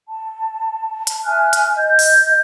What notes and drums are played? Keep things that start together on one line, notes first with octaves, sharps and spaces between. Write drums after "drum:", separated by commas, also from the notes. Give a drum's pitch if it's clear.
A5
drum: hi-hat
E5 G#5 F6 F#6
drum: hi-hat
D#5 G6
drum: open hi-hat